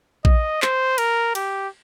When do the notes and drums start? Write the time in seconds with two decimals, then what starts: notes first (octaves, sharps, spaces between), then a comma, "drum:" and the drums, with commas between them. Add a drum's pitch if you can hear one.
0.25 D#5, drum: kick
0.62 C5, drum: clap
0.98 A#4, drum: cymbal
1.35 G4, drum: cymbal